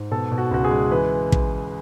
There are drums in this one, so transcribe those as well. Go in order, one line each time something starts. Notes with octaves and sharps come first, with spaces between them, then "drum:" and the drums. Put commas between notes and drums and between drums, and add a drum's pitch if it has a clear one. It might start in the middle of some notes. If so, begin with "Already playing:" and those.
Already playing: G#2
B2 A4
B2
F#4
C#2 F#4
G#4
G#3
E3 B4
drum: kick